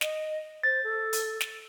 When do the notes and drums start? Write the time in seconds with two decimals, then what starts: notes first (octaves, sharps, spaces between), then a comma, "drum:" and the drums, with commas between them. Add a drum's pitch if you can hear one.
0.01 D#5, drum: snare
0.63 C5 A6
0.84 A4
1.13 drum: hi-hat
1.41 drum: snare